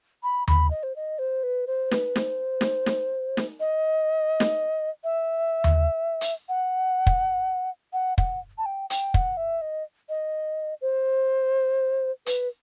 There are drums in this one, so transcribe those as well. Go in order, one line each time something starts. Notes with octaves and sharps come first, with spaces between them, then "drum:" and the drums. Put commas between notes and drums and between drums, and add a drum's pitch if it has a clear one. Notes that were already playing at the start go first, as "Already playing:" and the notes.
B5
B5, drum: tom D#2
D#5
C5
D#5
C5
B4
C5
B4, drum: snare
C5, drum: snare
drum: snare
drum: snare
drum: snare
D#5
drum: snare
E5
drum: tom D#2
drum: hi-hat
F#5
drum: kick
F#5
F#5, drum: kick
A5
G5
G5, drum: hi-hat
F#5, drum: kick
E5
D#5
D#5
C5
B4, drum: hi-hat